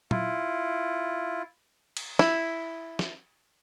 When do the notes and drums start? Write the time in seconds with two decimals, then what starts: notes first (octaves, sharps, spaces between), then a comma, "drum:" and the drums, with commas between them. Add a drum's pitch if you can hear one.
0.11 E4 F4, drum: tom
1.97 drum: cymbal
2.19 E4, drum: snare
2.99 drum: snare